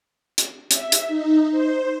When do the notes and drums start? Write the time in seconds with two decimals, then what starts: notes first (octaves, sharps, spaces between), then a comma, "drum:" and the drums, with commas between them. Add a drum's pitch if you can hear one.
0.38 drum: hi-hat
0.71 E5, drum: hi-hat
0.92 drum: hi-hat
1.08 D#4
1.51 C5